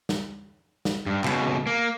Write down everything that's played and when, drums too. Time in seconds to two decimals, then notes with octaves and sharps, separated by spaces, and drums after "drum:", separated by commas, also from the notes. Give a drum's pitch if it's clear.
0.09 drum: snare
0.85 drum: snare
1.06 G2
1.24 C#2 B2, drum: clap
1.67 A#3